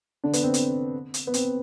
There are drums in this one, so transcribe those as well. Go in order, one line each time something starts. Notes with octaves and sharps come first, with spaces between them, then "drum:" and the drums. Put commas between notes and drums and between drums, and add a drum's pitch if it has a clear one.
D3 D4
B3, drum: hi-hat
C4
drum: hi-hat
drum: hi-hat
B3
C4, drum: hi-hat